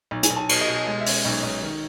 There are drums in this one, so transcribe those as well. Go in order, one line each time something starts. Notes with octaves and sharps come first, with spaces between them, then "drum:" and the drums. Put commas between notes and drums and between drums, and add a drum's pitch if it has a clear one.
B1
G#5, drum: hi-hat
B1
A5
B2 C#5, drum: cymbal
D#5
B2
G#3 D#5
E5
C#4, drum: open hi-hat
D#5
B1 C#5
B1
D#3